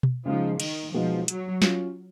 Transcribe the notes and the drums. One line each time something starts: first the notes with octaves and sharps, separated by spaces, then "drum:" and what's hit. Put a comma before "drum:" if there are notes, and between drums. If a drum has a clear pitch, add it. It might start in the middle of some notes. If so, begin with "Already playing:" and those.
drum: tom B2
C#3 F3 G#3 D#4
D#3, drum: cymbal
B2 F3 G#3 D#4
F#3, drum: hi-hat
F#3 C#4 F4, drum: snare